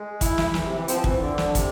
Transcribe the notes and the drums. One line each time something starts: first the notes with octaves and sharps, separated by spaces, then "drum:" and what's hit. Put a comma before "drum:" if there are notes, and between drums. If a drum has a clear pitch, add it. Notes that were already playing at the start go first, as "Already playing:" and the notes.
Already playing: G#3
E4, drum: kick, hi-hat
drum: snare
E3, drum: snare
C3
E3
F3 C4, drum: hi-hat
E3, drum: kick
D3 D4
drum: snare
C3, drum: kick, hi-hat